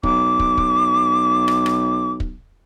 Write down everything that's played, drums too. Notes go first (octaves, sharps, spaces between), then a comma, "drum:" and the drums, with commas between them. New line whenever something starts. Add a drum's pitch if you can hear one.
B1 D6, drum: kick
drum: kick
drum: kick
drum: rim click
drum: rim click
drum: kick